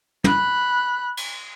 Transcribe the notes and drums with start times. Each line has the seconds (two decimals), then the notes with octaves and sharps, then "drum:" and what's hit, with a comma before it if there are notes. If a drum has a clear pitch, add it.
0.24 B5 F#6, drum: tom
1.17 drum: cymbal